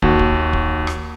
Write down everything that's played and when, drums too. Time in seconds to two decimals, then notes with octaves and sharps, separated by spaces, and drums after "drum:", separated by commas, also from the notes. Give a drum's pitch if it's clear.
0.02 D#2 F#4, drum: kick
0.19 drum: kick
0.53 drum: kick
0.87 drum: rim click